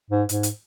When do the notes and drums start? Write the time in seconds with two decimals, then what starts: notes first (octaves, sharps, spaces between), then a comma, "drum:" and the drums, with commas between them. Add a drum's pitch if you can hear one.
0.11 G#2
0.29 G#2, drum: hi-hat
0.43 drum: hi-hat